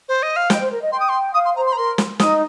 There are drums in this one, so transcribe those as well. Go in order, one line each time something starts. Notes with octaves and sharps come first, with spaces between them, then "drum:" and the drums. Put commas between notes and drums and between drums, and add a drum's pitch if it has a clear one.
C5
D#5
F5
D#5 G5, drum: snare
C5
A#4
D#5
G5 C6
D#6
C6
F5 D#6
C6
C5 A#5
C6
A#5
A#4 C6
drum: snare
D#4 D#6, drum: snare